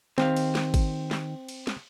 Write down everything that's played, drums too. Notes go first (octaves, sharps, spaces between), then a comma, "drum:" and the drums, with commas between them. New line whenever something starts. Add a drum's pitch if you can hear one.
D#3 C4 G4 F5, drum: snare
drum: cymbal
drum: snare
drum: kick G#1, cymbal
drum: snare
drum: cymbal
drum: snare